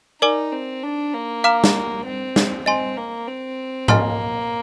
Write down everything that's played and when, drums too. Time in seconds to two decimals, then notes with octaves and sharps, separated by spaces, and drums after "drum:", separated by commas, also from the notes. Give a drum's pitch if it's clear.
0.22 D#4 A#4 D5 G#5 D6
0.52 C4
0.83 D4
1.14 A#3
1.44 F5 A#5 D6 F6
1.64 drum: snare
2.05 C4
2.36 drum: snare
2.66 C4 D#5 G#5 C6
2.97 A#3
3.28 C4
3.88 A#3 D#5 G#5 C6 F6, drum: tom G#2